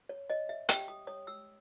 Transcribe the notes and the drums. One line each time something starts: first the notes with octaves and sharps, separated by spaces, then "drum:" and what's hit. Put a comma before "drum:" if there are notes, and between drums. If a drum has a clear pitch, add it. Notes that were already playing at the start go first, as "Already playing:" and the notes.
C#5
C#5 D#5
E5
G4 G5, drum: hi-hat
D#6
C#5 D#6
E6